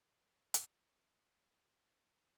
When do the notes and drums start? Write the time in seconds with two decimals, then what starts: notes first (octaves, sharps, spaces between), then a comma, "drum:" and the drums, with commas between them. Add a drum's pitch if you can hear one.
0.14 B2 F3 C7
0.54 drum: hi-hat